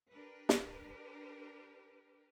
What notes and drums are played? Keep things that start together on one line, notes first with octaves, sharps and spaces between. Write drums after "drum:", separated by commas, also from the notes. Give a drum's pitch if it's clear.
D4 G4 A#4 B4
drum: snare